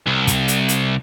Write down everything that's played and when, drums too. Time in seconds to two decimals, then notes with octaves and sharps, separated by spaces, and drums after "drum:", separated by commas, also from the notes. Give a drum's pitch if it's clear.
0.07 C2
0.27 drum: kick, hi-hat
0.48 drum: hi-hat
0.68 drum: hi-hat